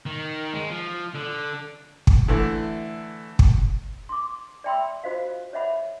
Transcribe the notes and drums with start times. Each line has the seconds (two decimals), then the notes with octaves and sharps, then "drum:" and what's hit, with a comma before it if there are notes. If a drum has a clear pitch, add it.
0.06 D#3
0.53 G#3
0.70 F3
1.14 D3
2.07 drum: kick
2.28 D3 E3 A3
3.39 drum: kick
4.09 C6 D6
4.64 D5 E5 G5 B5 C6 E6
5.04 F4 F#4 C5 D#5 F5
5.53 C#5 D#5 E5 F#5 B5